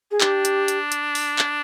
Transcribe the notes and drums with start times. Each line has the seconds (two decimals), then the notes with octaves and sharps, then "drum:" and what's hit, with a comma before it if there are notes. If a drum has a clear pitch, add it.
0.11 G#4
0.21 D4 G4, drum: clap
0.45 drum: hi-hat
0.68 drum: hi-hat
0.92 drum: hi-hat
1.15 drum: open hi-hat
1.39 drum: clap